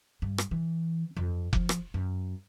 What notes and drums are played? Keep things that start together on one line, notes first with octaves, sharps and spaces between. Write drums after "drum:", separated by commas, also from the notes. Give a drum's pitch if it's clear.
G2
drum: rim click
E3
F2
F3, drum: kick F1
drum: rim click
F#2